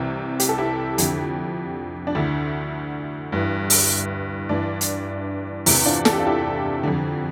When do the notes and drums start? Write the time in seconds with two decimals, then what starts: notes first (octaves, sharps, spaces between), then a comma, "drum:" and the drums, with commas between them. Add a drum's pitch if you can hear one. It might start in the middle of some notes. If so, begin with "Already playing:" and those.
Already playing: C2 C3 E3
0.40 G4, drum: hi-hat
0.49 A4
0.58 E4 G4
0.98 F2 D3, drum: hi-hat
2.07 D4
2.15 D2 D3 E4
3.32 G2 E3
3.70 drum: open hi-hat
4.49 G2 E3 D4
4.81 drum: hi-hat
5.66 E2 C3 E3 E4, drum: open hi-hat
5.85 D4 F4
6.05 A4, drum: snare
6.12 G4
6.20 F4
6.26 E4 G4
6.83 F2 D3